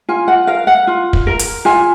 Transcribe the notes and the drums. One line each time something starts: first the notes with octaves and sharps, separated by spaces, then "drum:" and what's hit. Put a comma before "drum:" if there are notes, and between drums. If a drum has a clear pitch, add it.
F4 G#5
F#5
A#4 F5
F#5
F4
drum: kick
A#4
drum: hi-hat
F4 G#5